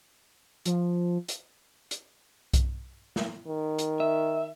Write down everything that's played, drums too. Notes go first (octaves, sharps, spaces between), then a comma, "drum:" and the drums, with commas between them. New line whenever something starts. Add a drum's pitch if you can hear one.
F3, drum: hi-hat
drum: hi-hat
drum: hi-hat
drum: kick B1, hi-hat
drum: snare
D#3
drum: hi-hat
E5